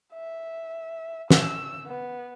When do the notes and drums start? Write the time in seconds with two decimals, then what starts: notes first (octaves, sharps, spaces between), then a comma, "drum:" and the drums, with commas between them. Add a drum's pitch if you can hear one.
0.14 E5
1.31 E6, drum: snare
1.87 B3